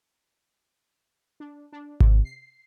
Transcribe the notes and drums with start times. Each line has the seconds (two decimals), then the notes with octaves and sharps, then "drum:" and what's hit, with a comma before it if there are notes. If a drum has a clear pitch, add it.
1.40 D4
1.72 D4
2.01 C3, drum: kick G#1
2.25 C7